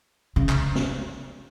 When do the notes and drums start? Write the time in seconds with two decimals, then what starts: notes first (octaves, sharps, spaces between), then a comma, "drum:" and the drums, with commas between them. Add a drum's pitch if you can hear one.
0.36 C#3
0.49 drum: clap
0.75 drum: snare